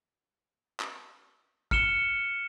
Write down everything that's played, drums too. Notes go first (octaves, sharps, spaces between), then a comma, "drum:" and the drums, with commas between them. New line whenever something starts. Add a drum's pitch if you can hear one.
drum: clap
F6 C#7 E7 G7, drum: kick